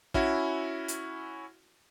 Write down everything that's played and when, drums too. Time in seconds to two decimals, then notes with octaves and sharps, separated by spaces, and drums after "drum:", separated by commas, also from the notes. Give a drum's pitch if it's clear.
0.14 C#4 E4 F#4, drum: kick
0.88 drum: hi-hat